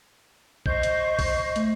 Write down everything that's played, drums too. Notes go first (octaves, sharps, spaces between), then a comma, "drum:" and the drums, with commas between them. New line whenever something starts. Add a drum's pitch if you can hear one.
C5 D#5 C#6 G6, drum: kick
drum: hi-hat
drum: kick, open hi-hat
A3, drum: hi-hat